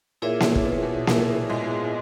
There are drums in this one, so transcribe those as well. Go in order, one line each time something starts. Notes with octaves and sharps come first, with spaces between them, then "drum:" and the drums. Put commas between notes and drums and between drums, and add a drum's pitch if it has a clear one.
A#2 A#3 E4 G#4 C#5 E5
drum: snare A#3
drum: kick
B3
B2 B3
A#2 A#3 E4 G#4 C#5 E5, drum: snare A#3
G#2 G#3